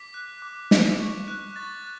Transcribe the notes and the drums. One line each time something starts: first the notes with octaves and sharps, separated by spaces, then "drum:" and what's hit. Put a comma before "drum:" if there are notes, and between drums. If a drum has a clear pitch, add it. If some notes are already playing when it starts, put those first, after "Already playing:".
Already playing: D6 B6
F#6
D6
F#6, drum: snare
C#6
F#6
C#6 A6
F#6